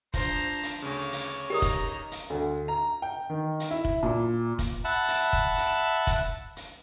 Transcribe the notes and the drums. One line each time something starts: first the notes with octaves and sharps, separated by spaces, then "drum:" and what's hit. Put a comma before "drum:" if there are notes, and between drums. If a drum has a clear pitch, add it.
F3 D4 C5 A#5, drum: kick, hi-hat
drum: hi-hat
D2 C#3 C#5 D6
drum: hi-hat
D#4 G4 A#4 A#5 D#6
drum: kick, hi-hat
drum: hi-hat
D2
A#5
G5
D#3
drum: hi-hat
E4
drum: kick
A#2
drum: kick, hi-hat
E5 F#5 A5 B5
drum: hi-hat
drum: kick
drum: hi-hat
drum: kick, hi-hat
drum: hi-hat